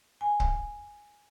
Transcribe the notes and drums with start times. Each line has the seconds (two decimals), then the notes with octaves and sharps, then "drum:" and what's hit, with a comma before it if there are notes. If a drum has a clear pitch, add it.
0.21 G#5
0.40 drum: kick C#1